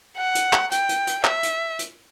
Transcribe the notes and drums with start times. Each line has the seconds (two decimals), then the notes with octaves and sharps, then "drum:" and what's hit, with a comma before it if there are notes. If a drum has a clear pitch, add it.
0.17 F#5
0.35 drum: hi-hat
0.53 drum: clap
0.72 G5, drum: hi-hat
0.89 drum: hi-hat
1.07 drum: hi-hat
1.24 E5, drum: clap
1.43 drum: hi-hat
1.79 drum: hi-hat